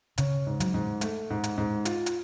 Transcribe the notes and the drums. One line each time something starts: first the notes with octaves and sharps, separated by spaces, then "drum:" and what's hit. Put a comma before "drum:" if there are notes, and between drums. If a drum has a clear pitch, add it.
C#3 C#4, drum: hi-hat
G#2
F#3, drum: hi-hat
G#2
A3, drum: hi-hat
G#2
drum: hi-hat
G#2
F4, drum: hi-hat
drum: hi-hat